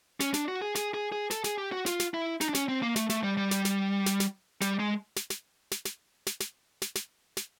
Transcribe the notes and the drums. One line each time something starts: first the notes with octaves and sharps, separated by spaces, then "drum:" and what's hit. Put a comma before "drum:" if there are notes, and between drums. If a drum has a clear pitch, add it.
C#4, drum: snare
D4, drum: snare
F#4
G#4
G#4, drum: snare
G#4
G#4
A4, drum: snare
G#4, drum: snare
G4
F#4
F4, drum: snare
drum: snare
E4
D#4, drum: snare
D4
C#4, drum: snare
C4
A#3
A3, drum: snare
A3, drum: snare
G3
G3
drum: snare
drum: snare
drum: snare
drum: snare
G3, drum: snare
G#3
drum: snare
drum: snare
drum: snare
drum: snare
drum: snare
drum: snare
drum: snare
drum: snare
drum: snare